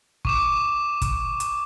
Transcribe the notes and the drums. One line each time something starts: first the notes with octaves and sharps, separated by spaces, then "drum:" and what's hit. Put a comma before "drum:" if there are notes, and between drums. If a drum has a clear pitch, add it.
C#6 D6 E7, drum: kick
drum: kick, hi-hat
drum: hi-hat